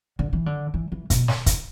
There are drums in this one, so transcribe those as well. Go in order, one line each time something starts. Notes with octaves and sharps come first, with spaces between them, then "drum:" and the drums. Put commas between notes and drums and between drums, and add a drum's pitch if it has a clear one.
D3
E3
D3
E3
E3
B2, drum: kick, hi-hat
drum: snare
drum: kick, hi-hat